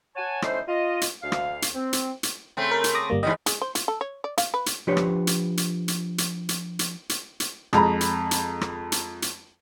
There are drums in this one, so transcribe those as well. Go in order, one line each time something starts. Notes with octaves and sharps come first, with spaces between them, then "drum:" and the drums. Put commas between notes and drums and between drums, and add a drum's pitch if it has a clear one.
C#5 F#5 G#5 A5
A3 C#4 D#4 E4 C5, drum: rim click
F4 D#5
drum: hi-hat
D2 F5
drum: rim click
drum: hi-hat
C4
drum: hi-hat
drum: hi-hat
C#3 A3 C4
A#4
drum: hi-hat
D6 D#6 A#6
G1 G3 A#3
G#2 E3 G3 D#5
G#3, drum: hi-hat
C5
F4, drum: hi-hat
A4
C#5
D5
F5, drum: hi-hat
B4
drum: hi-hat
F3 D4 G4 B4 C#5
drum: rim click
drum: hi-hat
drum: hi-hat
drum: hi-hat
drum: hi-hat
drum: hi-hat
drum: hi-hat
drum: hi-hat
drum: hi-hat
F2 G#3 A#5 B5, drum: rim click
drum: hi-hat
drum: hi-hat
drum: rim click
drum: hi-hat
drum: hi-hat